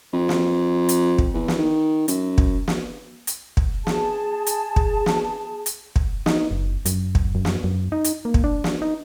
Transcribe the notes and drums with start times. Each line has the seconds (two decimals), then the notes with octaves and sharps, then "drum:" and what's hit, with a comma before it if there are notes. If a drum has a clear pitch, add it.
0.13 F2
0.29 drum: snare
0.89 drum: hi-hat
1.18 drum: kick
1.34 E2
1.48 drum: snare
1.58 D#3
2.08 F#2, drum: hi-hat
2.38 drum: kick
2.68 drum: snare
3.27 drum: hi-hat
3.57 drum: kick
3.87 G#4 A5, drum: snare
4.47 drum: hi-hat
4.76 drum: kick
5.06 drum: snare
5.66 drum: hi-hat
5.96 drum: kick
6.26 D#4, drum: snare
6.51 F#1
6.86 F#2, drum: hi-hat
7.15 drum: kick
7.35 F#2
7.45 drum: snare
7.64 F#2
7.92 D#4
8.04 drum: hi-hat
8.25 A#3
8.34 drum: kick
8.44 D4
8.64 drum: snare
8.82 D#4